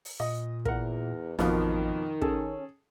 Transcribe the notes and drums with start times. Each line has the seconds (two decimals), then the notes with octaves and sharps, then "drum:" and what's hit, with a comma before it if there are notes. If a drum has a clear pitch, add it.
0.05 drum: open hi-hat
0.20 A#2 D#5
0.65 E2 A#4 F#5, drum: kick
1.39 A1 F2 B2 D#3 F3, drum: snare
2.22 C#4 G#4 A4, drum: kick